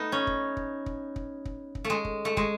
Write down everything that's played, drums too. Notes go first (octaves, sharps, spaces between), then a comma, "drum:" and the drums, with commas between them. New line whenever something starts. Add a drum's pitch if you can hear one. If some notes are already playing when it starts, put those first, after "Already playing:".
Already playing: A3 B3 D#4
C#4
drum: kick
drum: kick
drum: kick
drum: kick
drum: kick
drum: kick
A3
G#3
drum: kick
A3
G#3, drum: kick